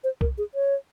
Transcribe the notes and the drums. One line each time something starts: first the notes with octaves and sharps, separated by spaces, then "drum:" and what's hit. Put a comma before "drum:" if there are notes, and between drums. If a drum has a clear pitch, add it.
C5
A#4, drum: kick
G#4
C#5